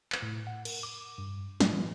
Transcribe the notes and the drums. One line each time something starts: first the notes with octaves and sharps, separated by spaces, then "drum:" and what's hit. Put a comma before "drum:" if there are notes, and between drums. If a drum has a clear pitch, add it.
drum: clap
A2
F#5
A#4, drum: cymbal
D6
G2
A2, drum: snare
E3